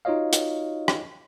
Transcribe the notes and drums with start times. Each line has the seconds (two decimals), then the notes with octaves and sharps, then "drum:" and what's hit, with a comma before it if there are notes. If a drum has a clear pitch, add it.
0.05 D#4 F4 F#4 C#5 D#5 F5
0.33 drum: hi-hat
0.88 drum: rim click